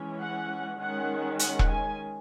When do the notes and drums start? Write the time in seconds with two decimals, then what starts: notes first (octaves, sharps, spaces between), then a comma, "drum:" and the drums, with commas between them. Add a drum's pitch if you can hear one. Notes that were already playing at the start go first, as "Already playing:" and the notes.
Already playing: E3 G#3 C#4
0.20 F#5
0.79 D#3 G#3 C#4 F#5
1.39 F#5, drum: hi-hat
1.59 drum: kick E1
1.69 G#5